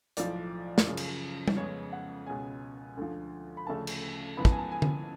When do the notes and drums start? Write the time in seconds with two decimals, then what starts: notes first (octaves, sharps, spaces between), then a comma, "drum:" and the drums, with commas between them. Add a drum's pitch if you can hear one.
0.17 B1 A2 F3 D5, drum: hi-hat
0.78 drum: snare
0.87 F#2 C#3 F3
0.97 drum: cymbal
1.48 drum: tom G3
1.57 F2 C#3 G#3 B3 C#5
1.93 F#5
2.26 C#2 B2 G#3 C#4 G#5
2.97 D2 D3 F3
3.57 B5
3.67 D2 C#3 F3 A3 D4 A5
3.87 drum: cymbal
4.37 A1 G#2 F3 B3 B5
4.45 A5, drum: kick
4.52 G#5
4.59 A5
4.72 G#5
4.82 drum: tom D3